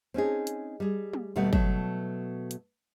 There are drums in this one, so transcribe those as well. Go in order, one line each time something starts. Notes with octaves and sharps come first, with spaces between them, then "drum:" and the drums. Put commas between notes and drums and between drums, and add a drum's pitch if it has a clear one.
C4 C#4 D#4 G#4
drum: hi-hat
G3 G#4
drum: tom
D#2 B2 G3 A3 B3 F#5
B2 F#3 A3, drum: kick
drum: hi-hat